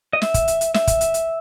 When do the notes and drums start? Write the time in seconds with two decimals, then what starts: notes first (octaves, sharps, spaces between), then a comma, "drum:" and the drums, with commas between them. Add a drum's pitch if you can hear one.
0.13 D#5
0.22 E5, drum: snare
0.34 drum: kick, hi-hat
0.48 drum: hi-hat
0.61 drum: hi-hat
0.74 E5, drum: snare
0.87 drum: kick, hi-hat
1.01 drum: hi-hat
1.14 drum: hi-hat